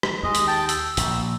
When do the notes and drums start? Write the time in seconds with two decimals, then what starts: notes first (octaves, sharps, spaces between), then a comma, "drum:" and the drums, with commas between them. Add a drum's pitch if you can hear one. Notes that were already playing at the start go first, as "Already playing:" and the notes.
0.03 drum: rim click
0.23 D#2 G#3 D#5
0.35 drum: hi-hat
0.47 G5 A5
0.69 E6, drum: hi-hat
0.97 A#1 A#2, drum: hi-hat